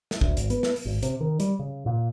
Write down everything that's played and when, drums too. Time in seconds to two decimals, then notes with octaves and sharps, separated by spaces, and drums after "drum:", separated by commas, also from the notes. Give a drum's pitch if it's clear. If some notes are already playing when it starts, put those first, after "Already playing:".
0.11 drum: snare
0.21 D2, drum: kick
0.37 G#1, drum: hi-hat
0.50 B3, drum: hi-hat
0.63 drum: snare
0.76 drum: open hi-hat
0.85 G#1
1.03 C3, drum: hi-hat
1.21 D#3
1.40 G3, drum: hi-hat
1.59 C#3
1.86 A#2